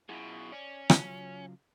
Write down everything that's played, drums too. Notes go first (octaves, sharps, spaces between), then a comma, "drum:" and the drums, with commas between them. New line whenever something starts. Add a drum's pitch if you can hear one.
F#2 B2 E4 F4 G#4
C#4 D5
C#3 F#3 F4, drum: rim click